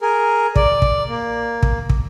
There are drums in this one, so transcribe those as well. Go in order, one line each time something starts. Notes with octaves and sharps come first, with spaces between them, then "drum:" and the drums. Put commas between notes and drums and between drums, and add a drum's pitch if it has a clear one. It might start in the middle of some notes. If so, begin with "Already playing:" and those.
G#4 A#4
D5, drum: kick
drum: kick
A#3
drum: kick
drum: kick